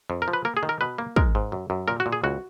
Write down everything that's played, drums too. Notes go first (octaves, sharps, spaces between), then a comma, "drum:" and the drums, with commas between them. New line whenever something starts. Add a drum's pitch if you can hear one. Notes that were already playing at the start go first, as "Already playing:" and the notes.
F2
A#4
F3
B4
A#3 A#4
G#4
D#3
A#4
B2 B4
A#3
G#3 A#4, drum: kick
G#2
F#2
F#2
A#2 A#4
F#4
A#2
G#4
C#2 F#4